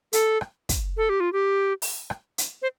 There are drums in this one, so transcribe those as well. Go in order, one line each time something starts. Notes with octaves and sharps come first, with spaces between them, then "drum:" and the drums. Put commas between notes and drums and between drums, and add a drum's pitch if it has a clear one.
A4, drum: hi-hat
drum: rim click
drum: kick, hi-hat
A4
G4
F4
G4
drum: open hi-hat
drum: rim click
drum: hi-hat
C5